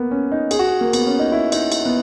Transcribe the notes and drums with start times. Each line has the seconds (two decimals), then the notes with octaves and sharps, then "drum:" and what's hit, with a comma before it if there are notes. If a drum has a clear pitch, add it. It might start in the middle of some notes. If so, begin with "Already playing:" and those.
Already playing: A#3 B3
0.11 C#4
0.32 D#4
0.51 G#4, drum: cymbal
0.59 F#4
0.67 G#4
0.81 A#3
0.93 B3, drum: cymbal
1.07 C#4
1.19 D#4
1.32 E4
1.52 D#4, drum: cymbal
1.72 drum: cymbal
1.85 B3